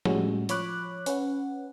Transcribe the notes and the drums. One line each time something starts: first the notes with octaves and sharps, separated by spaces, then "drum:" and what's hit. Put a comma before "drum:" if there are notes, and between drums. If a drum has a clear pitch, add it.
A2 G3 G#3 C#4 F#4, drum: tom F3
F3 C#5 B5 D6 F#6, drum: hi-hat
C#4 B4 F#5, drum: hi-hat